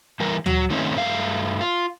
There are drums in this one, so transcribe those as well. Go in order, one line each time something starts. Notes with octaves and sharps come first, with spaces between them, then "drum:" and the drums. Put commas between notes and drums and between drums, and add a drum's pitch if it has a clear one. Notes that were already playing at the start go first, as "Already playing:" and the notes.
E3 G3 A#4
F#3, drum: tom D2
D#3 A3 C4 C#4 D#4
G2 A3 F5
F4